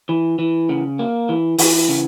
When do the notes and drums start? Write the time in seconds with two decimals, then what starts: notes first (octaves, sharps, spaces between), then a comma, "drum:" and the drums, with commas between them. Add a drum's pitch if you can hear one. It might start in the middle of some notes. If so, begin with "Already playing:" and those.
0.09 E3
0.39 E3
0.69 C#3
0.99 A#3
1.29 E3
1.58 E3, drum: open hi-hat
1.89 C#3